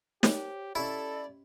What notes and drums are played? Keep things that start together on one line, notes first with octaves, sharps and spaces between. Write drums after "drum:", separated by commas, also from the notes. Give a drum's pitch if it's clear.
G4 C5 C#5, drum: snare
C#4 E4 G4 A4 D5 D#5